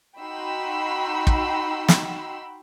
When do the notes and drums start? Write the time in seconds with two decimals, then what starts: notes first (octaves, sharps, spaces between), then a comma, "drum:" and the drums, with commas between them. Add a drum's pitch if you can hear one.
0.20 D#4 F#4 G5 B5 C6 E6
1.27 drum: kick
1.88 drum: snare